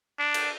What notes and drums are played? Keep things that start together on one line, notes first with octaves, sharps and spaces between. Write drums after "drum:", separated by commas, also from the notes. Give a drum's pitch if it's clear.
D4
drum: cymbal